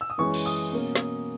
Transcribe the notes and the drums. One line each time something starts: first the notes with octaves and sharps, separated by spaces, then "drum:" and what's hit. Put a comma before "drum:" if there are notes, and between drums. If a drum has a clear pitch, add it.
E6
D#6
F#2 E3 G#3 C#4 C#6
drum: cymbal
D#6
B2 A#3 C#4
drum: snare